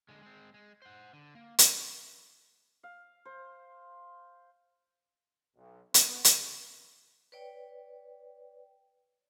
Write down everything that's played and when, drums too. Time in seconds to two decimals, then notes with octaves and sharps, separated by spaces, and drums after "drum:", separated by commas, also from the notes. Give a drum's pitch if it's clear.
0.09 D3 G#3
0.23 G#3 C4
0.54 G#3
0.82 C5 F#5
1.13 D3
1.35 A#3
1.59 drum: hi-hat
2.83 F5
3.25 C5
5.56 B1
5.94 B3, drum: hi-hat
6.24 C#3, drum: hi-hat
7.32 B4 C#5 D5 G5